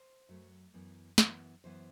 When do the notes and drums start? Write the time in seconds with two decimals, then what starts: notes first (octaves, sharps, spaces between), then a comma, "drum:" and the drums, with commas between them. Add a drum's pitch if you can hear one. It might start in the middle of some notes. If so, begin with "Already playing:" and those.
Already playing: C5
0.29 F#2 F#3 A3
0.74 F#2 E3 B3
1.18 F#2 E3 B3, drum: snare
1.64 F#2 E3 B3 C5